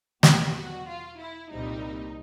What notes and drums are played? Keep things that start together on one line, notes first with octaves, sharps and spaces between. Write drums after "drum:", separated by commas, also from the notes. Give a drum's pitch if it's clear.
E2 B2 F#3 G4, drum: snare
F#4
F4
E4
C2 A#2 G3 C4 D#4